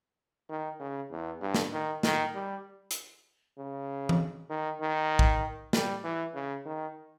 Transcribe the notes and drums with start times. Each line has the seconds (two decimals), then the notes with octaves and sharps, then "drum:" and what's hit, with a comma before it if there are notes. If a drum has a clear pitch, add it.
0.49 D#3
0.80 C#3
1.10 E2
1.41 G2
1.54 drum: snare
1.73 D#3
2.03 D#3, drum: snare
2.34 G3
2.91 drum: hi-hat
3.58 C#3
4.09 drum: tom E3
4.49 D#3
4.81 D#3
5.19 drum: kick A#1
5.73 G3, drum: snare
6.04 E3
6.35 C#3
6.66 D#3